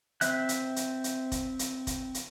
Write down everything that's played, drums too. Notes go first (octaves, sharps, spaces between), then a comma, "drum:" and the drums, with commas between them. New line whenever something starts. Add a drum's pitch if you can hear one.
C4 E5 F#6, drum: hi-hat
drum: hi-hat
drum: hi-hat
drum: hi-hat
drum: kick F1, hi-hat
drum: hi-hat
drum: kick F1, hi-hat
drum: hi-hat